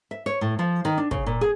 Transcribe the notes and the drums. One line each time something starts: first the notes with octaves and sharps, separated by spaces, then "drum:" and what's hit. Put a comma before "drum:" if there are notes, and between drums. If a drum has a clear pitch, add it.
E5
C#5
A2
F3
D#3
D4
C#3, drum: kick
A#2
G#4